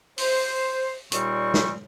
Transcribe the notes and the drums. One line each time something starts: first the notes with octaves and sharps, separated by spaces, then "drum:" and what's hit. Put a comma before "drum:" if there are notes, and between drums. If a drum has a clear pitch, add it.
C5, drum: open hi-hat
D#2 A#2 G3 C4 C#6, drum: hi-hat
drum: snare